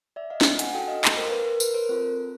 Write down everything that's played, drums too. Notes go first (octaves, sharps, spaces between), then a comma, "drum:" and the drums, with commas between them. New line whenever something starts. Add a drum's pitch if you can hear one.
D5 E5
D#5 F5
drum: snare
F#5 G#5, drum: hi-hat
D4 F#4 A4 F5 G5
D#5 F5
drum: clap
A#4 C5
B4
A#4
B4, drum: tambourine
A#4 C5
C4 F4 A4